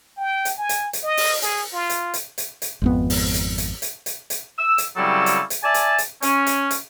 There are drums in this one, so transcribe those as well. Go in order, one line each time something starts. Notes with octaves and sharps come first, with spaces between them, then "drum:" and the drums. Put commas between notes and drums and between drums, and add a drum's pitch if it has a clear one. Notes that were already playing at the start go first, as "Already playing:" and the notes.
G5
drum: hi-hat
G#5
drum: hi-hat
drum: hi-hat
D#5
drum: open hi-hat
G#4, drum: hi-hat
F4
drum: hi-hat
drum: hi-hat
drum: hi-hat
drum: hi-hat
G#1 F2 B3
drum: open hi-hat
drum: hi-hat
drum: hi-hat
drum: hi-hat
drum: hi-hat
drum: hi-hat
E6
drum: hi-hat
C#3 F#3 G3 C4 E4 A4
drum: hi-hat
drum: hi-hat
D5 E5 G#5 A5
drum: hi-hat
drum: hi-hat
C#4, drum: hi-hat
drum: hi-hat
drum: hi-hat